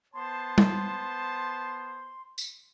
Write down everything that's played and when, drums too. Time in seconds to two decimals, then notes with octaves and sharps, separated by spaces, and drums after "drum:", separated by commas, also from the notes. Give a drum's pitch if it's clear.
0.14 B3 C5 A5 C6
0.58 drum: tom G3
2.38 drum: tambourine